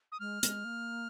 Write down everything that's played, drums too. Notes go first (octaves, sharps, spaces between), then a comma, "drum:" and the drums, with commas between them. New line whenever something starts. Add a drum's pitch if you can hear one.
D#6
G#3 F6
G#3, drum: hi-hat
A#3